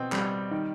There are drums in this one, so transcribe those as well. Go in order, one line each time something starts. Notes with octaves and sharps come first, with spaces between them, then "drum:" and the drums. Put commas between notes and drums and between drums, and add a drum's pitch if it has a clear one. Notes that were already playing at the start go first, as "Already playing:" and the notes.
Already playing: B2 C4 D#5 G5
G3, drum: clap
D#3